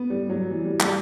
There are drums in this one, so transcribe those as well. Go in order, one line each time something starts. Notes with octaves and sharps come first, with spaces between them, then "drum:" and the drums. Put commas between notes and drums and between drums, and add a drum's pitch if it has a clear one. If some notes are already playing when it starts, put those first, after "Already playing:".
Already playing: B3
G3
F#3
E3
G3
G3, drum: clap